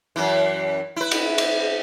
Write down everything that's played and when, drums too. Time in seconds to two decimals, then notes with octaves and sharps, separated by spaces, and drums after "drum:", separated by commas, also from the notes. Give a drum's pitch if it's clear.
0.16 F#2 E3
0.96 E4 B4
1.11 drum: cymbal
1.38 drum: cymbal